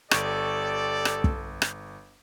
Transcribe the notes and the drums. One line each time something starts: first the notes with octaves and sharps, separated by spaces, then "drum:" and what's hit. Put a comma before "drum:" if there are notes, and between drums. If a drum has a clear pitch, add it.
G1 G4 A4 D5 C#6, drum: rim click
drum: rim click
drum: kick
drum: rim click